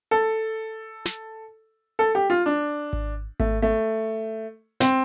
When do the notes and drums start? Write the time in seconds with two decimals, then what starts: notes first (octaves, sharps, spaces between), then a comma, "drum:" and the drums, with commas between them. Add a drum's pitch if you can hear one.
0.11 A4
1.05 drum: snare
1.99 A4
2.15 G4
2.30 F4
2.46 D4
2.93 drum: kick G#1
3.40 A3, drum: kick G#1
3.62 A3
4.80 C4, drum: snare